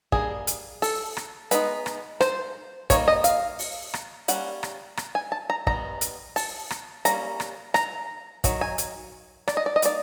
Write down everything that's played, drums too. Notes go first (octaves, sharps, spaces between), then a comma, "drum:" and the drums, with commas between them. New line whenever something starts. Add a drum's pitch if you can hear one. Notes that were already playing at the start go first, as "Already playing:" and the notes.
G3 A#3 D4 G#4, drum: kick
drum: hi-hat
A4, drum: open hi-hat
drum: rim click
G#3 B3 D#4 B4, drum: hi-hat
drum: rim click
C5, drum: rim click
G3 A#3 D#4 C#5, drum: kick, hi-hat
D#5
F5, drum: hi-hat
drum: open hi-hat
drum: rim click
G3 A#3 C#4 F#5, drum: hi-hat
drum: rim click
drum: rim click
G#5
A5
A#5
D#3 G3 B3 A#5, drum: kick
drum: hi-hat
A5, drum: open hi-hat
drum: rim click
G3 A#3 C#4 A#5, drum: hi-hat
drum: rim click
A#5, drum: rim click
D#3 F#3, drum: kick, hi-hat
G#5
drum: hi-hat
D5, drum: rim click
D#5
D5
D#5
G3 A#3 D#4 D5, drum: hi-hat